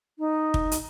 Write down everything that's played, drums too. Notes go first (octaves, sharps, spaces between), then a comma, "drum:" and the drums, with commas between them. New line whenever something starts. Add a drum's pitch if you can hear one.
D#4
drum: kick
drum: hi-hat